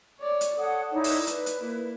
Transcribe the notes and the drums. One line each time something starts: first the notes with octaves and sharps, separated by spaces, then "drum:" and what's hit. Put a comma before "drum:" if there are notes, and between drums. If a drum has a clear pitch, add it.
C#5 D5
drum: hi-hat
A4 C#5 F#5 D#6
D#4 E4 C#5 D5
drum: open hi-hat
B4, drum: hi-hat
drum: hi-hat
A#3 E4